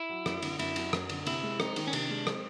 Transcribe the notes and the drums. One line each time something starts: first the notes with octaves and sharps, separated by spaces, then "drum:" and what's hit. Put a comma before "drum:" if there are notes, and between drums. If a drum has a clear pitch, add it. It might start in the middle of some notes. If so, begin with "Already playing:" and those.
Already playing: E4
F#3
F#2, drum: rim click
D3, drum: cymbal
F#2 E4, drum: cymbal
F#3, drum: cymbal
F#2, drum: rim click
D3, drum: cymbal
C3 E4, drum: cymbal
G#3
C4 D#4, drum: rim click
D#3, drum: cymbal
C#4
C3 D4, drum: cymbal
G#3
C4, drum: rim click